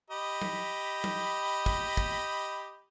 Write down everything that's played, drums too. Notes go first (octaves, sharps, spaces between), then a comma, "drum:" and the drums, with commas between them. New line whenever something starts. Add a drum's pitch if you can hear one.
G4 D#5 B5
drum: tom F#3
drum: tom F#3
drum: kick
drum: kick